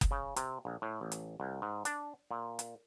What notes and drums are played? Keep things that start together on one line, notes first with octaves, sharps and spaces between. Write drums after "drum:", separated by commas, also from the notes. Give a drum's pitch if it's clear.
drum: kick F#1, hi-hat
C#3
C3, drum: hi-hat
A#1
A2
A1
drum: hi-hat
C2
G#2
D4, drum: hi-hat
A#2
drum: hi-hat